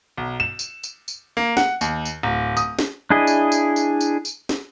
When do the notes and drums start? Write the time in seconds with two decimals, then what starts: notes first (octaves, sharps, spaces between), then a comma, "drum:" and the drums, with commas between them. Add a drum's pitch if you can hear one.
0.17 B1
0.40 E7
0.59 drum: tambourine
0.83 drum: tambourine
1.08 drum: tambourine
1.37 A#3
1.57 F#5, drum: snare
1.81 D#2, drum: tambourine
2.05 drum: tambourine
2.23 D1
2.57 D#6, drum: tambourine
2.79 drum: snare
3.10 D4 E4 G#4 D#5
3.27 drum: tambourine
3.52 drum: tambourine
3.76 drum: tambourine
4.01 drum: tambourine
4.25 drum: tambourine
4.49 drum: snare